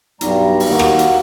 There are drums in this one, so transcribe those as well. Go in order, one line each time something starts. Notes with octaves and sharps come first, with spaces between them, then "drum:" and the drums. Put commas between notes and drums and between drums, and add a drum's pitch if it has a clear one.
B1 G2 G3 A#5, drum: hi-hat
drum: open hi-hat
D#2 A#3 F#4
drum: rim click
drum: hi-hat